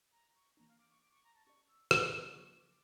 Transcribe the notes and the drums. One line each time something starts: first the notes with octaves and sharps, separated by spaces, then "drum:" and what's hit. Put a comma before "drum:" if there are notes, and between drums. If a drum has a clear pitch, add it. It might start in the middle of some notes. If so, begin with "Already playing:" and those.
A#5
C#6
E3 A#3 D4 A#5
F5
D6
C#6
D6
C#6
A#5
A5
C#4 G4 D5 C#6
E6
D6, drum: rim click
C#6
C#3 F3 A#3 C#4 F4 C#6
D6